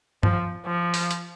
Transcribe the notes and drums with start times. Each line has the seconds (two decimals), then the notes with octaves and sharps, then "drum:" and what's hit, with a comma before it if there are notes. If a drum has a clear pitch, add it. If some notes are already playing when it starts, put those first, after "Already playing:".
0.23 F3, drum: tom G2
0.66 F3
0.94 drum: open hi-hat
1.11 drum: hi-hat